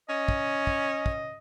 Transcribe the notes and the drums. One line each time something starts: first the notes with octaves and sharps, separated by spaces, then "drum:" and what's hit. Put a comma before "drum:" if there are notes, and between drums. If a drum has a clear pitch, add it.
C#4 D#5
drum: kick
drum: kick
drum: kick